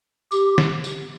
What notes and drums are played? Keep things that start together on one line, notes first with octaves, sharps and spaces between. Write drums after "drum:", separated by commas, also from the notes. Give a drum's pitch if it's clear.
G4, drum: tambourine
drum: snare
drum: tambourine